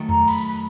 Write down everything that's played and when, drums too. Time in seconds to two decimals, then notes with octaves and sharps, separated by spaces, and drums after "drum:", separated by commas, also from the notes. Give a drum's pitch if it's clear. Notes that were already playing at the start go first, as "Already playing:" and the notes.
Already playing: D#3 F#3 A3
0.09 A#5, drum: tom E2
0.28 B5, drum: cymbal
0.47 B5